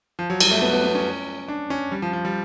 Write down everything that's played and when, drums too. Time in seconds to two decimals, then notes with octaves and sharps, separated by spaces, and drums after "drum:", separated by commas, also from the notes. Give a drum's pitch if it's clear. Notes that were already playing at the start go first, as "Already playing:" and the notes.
0.19 F3
0.30 F#3
0.40 G3, drum: cymbal
0.51 A3
0.62 B3
0.73 B3
0.84 B3
0.95 C#4
1.48 D4
1.70 C#4
1.92 G3
2.02 F3
2.13 F3
2.25 G3